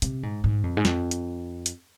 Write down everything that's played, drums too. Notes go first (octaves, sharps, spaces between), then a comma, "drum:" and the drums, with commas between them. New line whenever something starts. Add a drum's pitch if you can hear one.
C3, drum: hi-hat
G#2
G#2
F2
G#2
F2, drum: snare
drum: hi-hat
drum: hi-hat